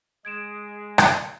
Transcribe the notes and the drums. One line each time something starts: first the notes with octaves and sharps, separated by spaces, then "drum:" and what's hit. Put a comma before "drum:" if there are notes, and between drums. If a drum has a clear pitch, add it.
G#3 G#4 G#6 D7 E7
drum: rim click